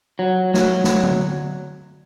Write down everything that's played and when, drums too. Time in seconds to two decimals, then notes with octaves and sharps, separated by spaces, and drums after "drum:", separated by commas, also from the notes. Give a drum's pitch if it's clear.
0.19 F#3
0.54 F#3, drum: snare
0.84 drum: snare
1.03 drum: tom